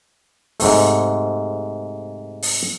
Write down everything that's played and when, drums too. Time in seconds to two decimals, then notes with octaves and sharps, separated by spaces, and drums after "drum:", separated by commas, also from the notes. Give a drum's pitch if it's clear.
0.60 G#2 C3 A3, drum: open hi-hat
2.42 drum: open hi-hat